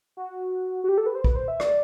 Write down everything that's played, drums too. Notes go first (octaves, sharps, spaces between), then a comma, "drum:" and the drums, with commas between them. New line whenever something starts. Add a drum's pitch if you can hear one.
F#4
F#4
G4
A4
B4
C5
B4, drum: kick
C5
E5
D5, drum: rim click